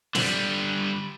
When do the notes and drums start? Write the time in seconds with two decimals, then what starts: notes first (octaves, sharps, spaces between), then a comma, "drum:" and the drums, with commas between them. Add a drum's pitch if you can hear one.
0.15 D3 G3, drum: snare